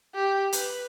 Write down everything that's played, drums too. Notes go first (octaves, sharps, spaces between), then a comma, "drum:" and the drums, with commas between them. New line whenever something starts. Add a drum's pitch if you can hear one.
G4
B4, drum: hi-hat